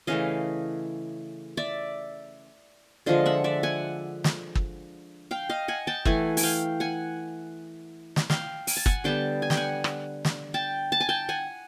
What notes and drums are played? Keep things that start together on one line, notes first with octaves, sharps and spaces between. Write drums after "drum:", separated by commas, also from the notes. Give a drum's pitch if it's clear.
C#3 E3 A3 D#5 F5
D5 E5
D3 F3 G#3 D#5 F5
E5 F#5
D5 E5
F#5 G#5
drum: snare
drum: kick
F5 G5
D#5 F5
F#5 G#5
G5 A5
E3 A3 F#5 G#5, drum: kick
G#5, drum: open hi-hat
F5 G5
F#5 G#5
drum: snare
F5 G5, drum: snare
G#5, drum: open hi-hat
A5
F#5 G#5, drum: kick
D3 G3 B3 G5 A5
G#5
G5, drum: snare
F#5 G#5
drum: rim click
drum: snare
G5 A5
A5
G#5
G5 A5
F#5 G#5